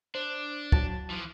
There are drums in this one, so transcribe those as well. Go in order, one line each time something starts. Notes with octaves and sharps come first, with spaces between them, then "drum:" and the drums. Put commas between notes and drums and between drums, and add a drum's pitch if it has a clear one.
D4 C5
F#3 A5 A6, drum: kick
E3 F3